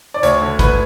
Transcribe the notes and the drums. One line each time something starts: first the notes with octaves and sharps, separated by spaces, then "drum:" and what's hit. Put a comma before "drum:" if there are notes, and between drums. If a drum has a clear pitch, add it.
D5
D2 C#5, drum: hi-hat
D3
D2 B4, drum: kick A1, hi-hat